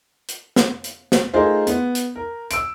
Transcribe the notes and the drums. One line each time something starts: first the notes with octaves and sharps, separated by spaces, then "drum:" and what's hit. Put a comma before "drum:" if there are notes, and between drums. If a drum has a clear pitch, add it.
drum: hi-hat
drum: snare
drum: hi-hat
drum: snare
A3 D#4 F4 G#4 A#4 C5
B3, drum: hi-hat
drum: hi-hat
A#4
E6 D7, drum: hi-hat